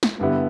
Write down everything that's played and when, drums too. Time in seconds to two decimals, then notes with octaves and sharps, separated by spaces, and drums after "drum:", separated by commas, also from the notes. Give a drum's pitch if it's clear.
0.03 drum: snare
0.19 G2 D3 G3 B3 E4